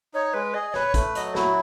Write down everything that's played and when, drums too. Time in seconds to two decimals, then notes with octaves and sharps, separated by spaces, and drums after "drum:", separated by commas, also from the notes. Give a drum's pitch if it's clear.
0.14 D#4 C#5
0.34 G#3 B4
0.54 G#4 D#5
0.71 D#5
0.74 B4 C#5, drum: snare
0.94 A3, drum: kick, hi-hat
1.15 F#3 D#5, drum: hi-hat
1.35 E4 F#4, drum: snare